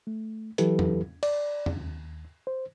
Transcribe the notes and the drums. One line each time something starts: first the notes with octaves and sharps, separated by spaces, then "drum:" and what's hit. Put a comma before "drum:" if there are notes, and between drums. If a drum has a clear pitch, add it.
A3
E3 F#3 E4 G4 A4 B4, drum: hi-hat
drum: tom
D5, drum: cymbal
drum: tom
D#2
C5